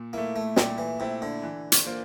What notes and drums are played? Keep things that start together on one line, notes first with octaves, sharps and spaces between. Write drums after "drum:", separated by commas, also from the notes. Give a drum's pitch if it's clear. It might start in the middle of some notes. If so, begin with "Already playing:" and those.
Already playing: A#2
A3 A#3 E4
A3
A#2 G3, drum: snare
E3
C3 A3 E4
D3
E3
drum: hi-hat
A#3 F4 C5